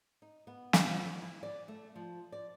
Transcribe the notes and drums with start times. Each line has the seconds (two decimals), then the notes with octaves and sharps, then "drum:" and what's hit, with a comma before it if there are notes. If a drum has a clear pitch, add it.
0.22 D#4
0.47 B3
0.73 drum: snare
0.86 F3
1.03 G3
1.22 E4
1.43 D5
1.68 A3
1.96 F3
2.32 D5